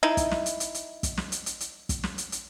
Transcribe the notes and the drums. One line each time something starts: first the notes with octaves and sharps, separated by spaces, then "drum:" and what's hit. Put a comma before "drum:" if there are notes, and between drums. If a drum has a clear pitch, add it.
D#4 E4
drum: kick, hi-hat
drum: snare
drum: hi-hat
drum: hi-hat
drum: hi-hat
drum: kick, hi-hat
drum: snare
drum: hi-hat
drum: hi-hat
drum: hi-hat
drum: kick, hi-hat
drum: snare
drum: hi-hat
drum: hi-hat